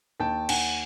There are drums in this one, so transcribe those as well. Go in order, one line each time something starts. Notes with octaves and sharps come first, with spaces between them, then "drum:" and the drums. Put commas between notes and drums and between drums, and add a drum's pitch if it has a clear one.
D#2 G5 A5
D#2 F#5 G#5, drum: cymbal